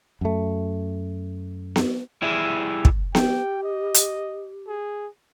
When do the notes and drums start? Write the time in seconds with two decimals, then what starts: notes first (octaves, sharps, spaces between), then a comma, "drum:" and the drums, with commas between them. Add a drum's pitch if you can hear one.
0.21 F#2 A3
1.76 drum: snare B3
2.22 G3 E4 G#4 E5
2.85 drum: kick
3.15 G4 G5, drum: snare B3
3.63 D#5
3.94 drum: hi-hat
4.68 G#4